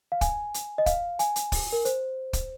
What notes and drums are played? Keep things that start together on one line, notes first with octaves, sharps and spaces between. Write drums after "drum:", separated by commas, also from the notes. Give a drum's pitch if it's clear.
F5
G#5, drum: kick, hi-hat
drum: hi-hat
D#5
F5, drum: kick, hi-hat
G#5, drum: hi-hat
drum: hi-hat
drum: kick, open hi-hat
A#4
C5, drum: hi-hat
drum: kick, hi-hat